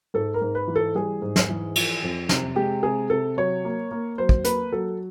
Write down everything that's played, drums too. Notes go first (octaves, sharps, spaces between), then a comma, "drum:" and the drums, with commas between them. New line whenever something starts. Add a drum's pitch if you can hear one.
G#2 A4
A#4
G#2
B4
E3
A4
G3 G#4
G#2
drum: snare
E3
F3, drum: cymbal
F2
C3, drum: snare
G#3 G4
C3 G#4
C3 A4
F#3 C#5
A#3
A#3
F#3 C5
drum: kick
A#3 B4, drum: hi-hat
F#3 A4